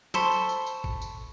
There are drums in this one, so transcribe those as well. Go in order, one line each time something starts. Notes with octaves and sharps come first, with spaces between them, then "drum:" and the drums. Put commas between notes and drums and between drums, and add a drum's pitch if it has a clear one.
A4 C5 B5 C#6, drum: tom F#3
drum: tambourine
drum: tambourine
drum: tambourine
drum: kick
drum: tambourine